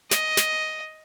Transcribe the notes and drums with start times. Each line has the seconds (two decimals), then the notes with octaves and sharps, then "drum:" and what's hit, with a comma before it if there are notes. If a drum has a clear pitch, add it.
0.11 D#5, drum: snare
0.37 drum: snare